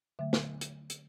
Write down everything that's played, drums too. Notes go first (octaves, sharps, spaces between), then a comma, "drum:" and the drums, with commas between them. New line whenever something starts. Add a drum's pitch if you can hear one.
D3 F#3 A3 E5
drum: snare
drum: hi-hat
drum: hi-hat